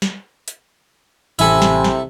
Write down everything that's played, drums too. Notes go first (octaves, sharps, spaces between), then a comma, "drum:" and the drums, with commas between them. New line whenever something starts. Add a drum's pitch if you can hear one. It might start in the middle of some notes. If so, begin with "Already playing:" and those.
drum: snare
drum: hi-hat
A1 C3 E4 A4 G#5 B5, drum: hi-hat
drum: snare
drum: snare